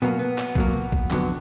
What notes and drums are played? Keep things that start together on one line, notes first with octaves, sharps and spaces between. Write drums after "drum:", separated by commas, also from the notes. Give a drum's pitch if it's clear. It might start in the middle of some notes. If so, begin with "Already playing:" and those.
B2 F#3 A#3 B3
B3
drum: clap
B2 F#3 A#3, drum: kick B1
drum: kick B1
F2 D3 F#3 B3, drum: clap